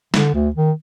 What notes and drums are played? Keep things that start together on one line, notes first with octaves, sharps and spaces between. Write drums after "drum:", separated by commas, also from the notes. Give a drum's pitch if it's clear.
D3, drum: snare
D2
D#3